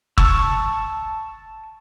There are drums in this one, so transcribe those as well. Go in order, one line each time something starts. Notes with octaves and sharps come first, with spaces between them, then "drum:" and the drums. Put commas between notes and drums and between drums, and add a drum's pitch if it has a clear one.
A5 C#6 E6, drum: kick